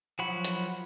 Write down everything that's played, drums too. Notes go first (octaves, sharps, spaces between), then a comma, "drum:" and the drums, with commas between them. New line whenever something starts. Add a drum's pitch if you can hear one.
F3 F#3 F#4 F#5 B5
drum: hi-hat